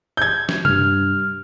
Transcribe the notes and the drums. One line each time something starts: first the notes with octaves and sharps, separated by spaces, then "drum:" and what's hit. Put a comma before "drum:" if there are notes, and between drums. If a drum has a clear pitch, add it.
G6 G#6
drum: snare
G2 F6, drum: tom C3